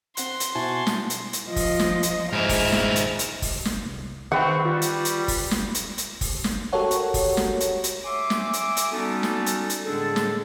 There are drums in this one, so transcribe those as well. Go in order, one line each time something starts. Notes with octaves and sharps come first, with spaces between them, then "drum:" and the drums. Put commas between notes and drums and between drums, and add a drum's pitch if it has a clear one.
C4 F#5 C6 F#6, drum: hi-hat
drum: hi-hat
B2 E4 F#4 C5 G#5 A5
drum: snare
drum: hi-hat
drum: hi-hat
F3 D#5
drum: kick, open hi-hat
drum: snare
drum: hi-hat
G#2 E4 F6
drum: kick, open hi-hat
drum: snare
drum: hi-hat
drum: hi-hat
drum: kick, open hi-hat
drum: snare
C2
D#3 C4 B4 F#5 G5 C#6
G3 F4
drum: hi-hat
drum: hi-hat
drum: kick, open hi-hat
drum: snare
drum: hi-hat
drum: hi-hat
drum: kick, open hi-hat
drum: snare
F#4 G4 A4 A#4 C#5 F#5
drum: hi-hat
drum: kick, open hi-hat
drum: snare
drum: hi-hat
drum: hi-hat
E5 G#5 C6 D6
drum: snare
drum: hi-hat
drum: hi-hat
G3 B3 C#4 D#4 F#4 A4
drum: snare
drum: hi-hat
drum: hi-hat
A2 D3 G#3 D4 G#4 A4
drum: snare